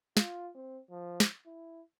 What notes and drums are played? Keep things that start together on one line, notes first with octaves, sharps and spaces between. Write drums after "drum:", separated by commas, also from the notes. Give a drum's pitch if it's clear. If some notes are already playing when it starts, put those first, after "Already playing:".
F4, drum: snare
C4
F3
drum: snare
E4